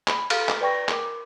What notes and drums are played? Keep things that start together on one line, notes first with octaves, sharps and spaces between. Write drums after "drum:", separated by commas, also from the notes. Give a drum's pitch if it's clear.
B5, drum: clap
G4 A4 F5 F6, drum: cymbal
drum: clap
B4 D5 G5 C#6 A#6
A#4 D6, drum: clap